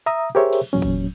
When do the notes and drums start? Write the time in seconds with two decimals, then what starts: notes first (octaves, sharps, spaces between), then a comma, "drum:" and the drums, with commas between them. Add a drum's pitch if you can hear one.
0.06 E5 A#5 D#6
0.35 G4 G#4 A#4 C5 C#5 E5
0.53 drum: cymbal
0.73 E2 A#2 F#3 C#4
0.82 drum: kick